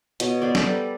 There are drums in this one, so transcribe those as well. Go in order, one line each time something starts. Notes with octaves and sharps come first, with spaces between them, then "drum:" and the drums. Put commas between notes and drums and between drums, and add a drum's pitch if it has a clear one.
B2 C#5 D#5, drum: hi-hat
B3 C5 D5
A#4, drum: snare
G3 A4 B4